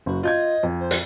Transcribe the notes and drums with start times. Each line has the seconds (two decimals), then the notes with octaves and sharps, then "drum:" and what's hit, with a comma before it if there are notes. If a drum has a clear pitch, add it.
0.06 F#1 F#4
0.23 F4 D#5 G6 G#6
0.63 F2
0.80 C5
0.91 drum: hi-hat